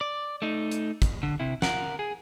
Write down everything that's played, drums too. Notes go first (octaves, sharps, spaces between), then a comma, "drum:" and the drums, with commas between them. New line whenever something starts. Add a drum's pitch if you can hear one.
D5
A3 D#4
drum: hi-hat
drum: kick, hi-hat
D3
C3 E4
A#4 F#5, drum: snare
G#4